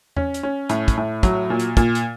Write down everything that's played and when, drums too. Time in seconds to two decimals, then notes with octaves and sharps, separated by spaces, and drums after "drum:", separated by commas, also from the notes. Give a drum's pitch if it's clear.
0.17 C#4, drum: tom E2
0.34 drum: hi-hat
0.43 C#4
0.69 A2, drum: hi-hat
0.88 drum: kick, hi-hat
0.98 A2
1.23 F#3, drum: kick, hi-hat
1.50 A#2
1.59 drum: hi-hat
1.77 A#2, drum: kick, hi-hat
1.95 drum: hi-hat